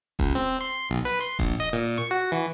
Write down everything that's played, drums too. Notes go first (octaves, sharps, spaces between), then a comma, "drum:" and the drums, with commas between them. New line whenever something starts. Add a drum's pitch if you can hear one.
C#2, drum: kick D#1, hi-hat
C4, drum: hi-hat
C6
B1
B4, drum: hi-hat
C6, drum: hi-hat
A#1, drum: kick D#1, open hi-hat
D#5
A#2, drum: hi-hat
C#6
F#4
E3